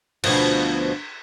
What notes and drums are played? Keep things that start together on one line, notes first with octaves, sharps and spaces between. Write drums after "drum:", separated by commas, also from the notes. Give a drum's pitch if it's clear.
D2 B2 F3, drum: cymbal